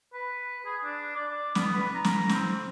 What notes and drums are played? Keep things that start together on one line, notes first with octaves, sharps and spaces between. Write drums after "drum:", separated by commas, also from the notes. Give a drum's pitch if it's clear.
B4
G#4
D4
D5
B3, drum: snare
B4
A#5
drum: snare
C4, drum: snare